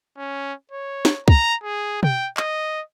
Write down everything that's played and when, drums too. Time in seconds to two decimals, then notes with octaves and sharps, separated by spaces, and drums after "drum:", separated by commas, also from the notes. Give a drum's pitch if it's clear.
0.17 C#4
0.71 C#5
1.05 drum: snare
1.28 A#5, drum: kick
1.64 G#4
2.03 G5, drum: tom
2.37 D#5, drum: clap